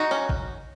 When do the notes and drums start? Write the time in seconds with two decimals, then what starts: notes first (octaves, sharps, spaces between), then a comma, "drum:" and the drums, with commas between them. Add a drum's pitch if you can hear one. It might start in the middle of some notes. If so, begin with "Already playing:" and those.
Already playing: D#4 F#4
0.11 C#4
0.29 drum: kick G#1